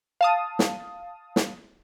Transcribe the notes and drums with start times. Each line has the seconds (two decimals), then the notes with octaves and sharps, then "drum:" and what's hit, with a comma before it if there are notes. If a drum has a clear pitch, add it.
0.21 F5 A5 D#6
0.59 drum: snare
1.36 drum: snare